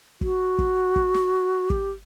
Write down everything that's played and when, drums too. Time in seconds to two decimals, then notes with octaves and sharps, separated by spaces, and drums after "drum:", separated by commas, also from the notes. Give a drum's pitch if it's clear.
0.21 F#4, drum: kick
0.59 drum: kick
0.96 drum: kick
1.14 drum: snare
1.70 G4, drum: kick